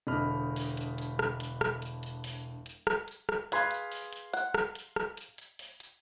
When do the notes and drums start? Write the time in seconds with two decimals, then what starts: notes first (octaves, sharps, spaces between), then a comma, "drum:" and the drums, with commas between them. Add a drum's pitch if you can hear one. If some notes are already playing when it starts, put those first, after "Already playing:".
0.07 E1 D3 D#5 B5 F6
0.56 drum: open hi-hat
0.77 drum: hi-hat
0.98 drum: hi-hat
1.19 drum: rim click
1.40 drum: hi-hat
1.61 drum: rim click
1.82 drum: hi-hat
2.03 drum: hi-hat
2.24 drum: open hi-hat
2.66 drum: hi-hat
2.87 drum: rim click
3.08 drum: hi-hat
3.29 drum: rim click
3.52 G#4 B4 F5 C6 G#6, drum: hi-hat
3.71 drum: hi-hat
3.92 drum: open hi-hat
4.13 drum: hi-hat
4.33 F#5, drum: hi-hat
4.54 drum: rim click
4.75 drum: hi-hat
4.96 drum: rim click
5.17 drum: hi-hat
5.38 drum: hi-hat
5.59 drum: open hi-hat
5.80 drum: hi-hat